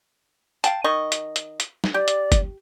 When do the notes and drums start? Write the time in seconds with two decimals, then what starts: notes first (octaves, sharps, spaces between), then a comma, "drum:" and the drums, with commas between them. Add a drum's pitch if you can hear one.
0.64 F5 G5 A5, drum: hi-hat
0.84 D#3 D#5 C#6
1.12 drum: hi-hat
1.36 drum: hi-hat
1.60 drum: hi-hat
1.84 drum: snare
1.94 G4 D5
2.08 drum: hi-hat
2.32 drum: kick G1, hi-hat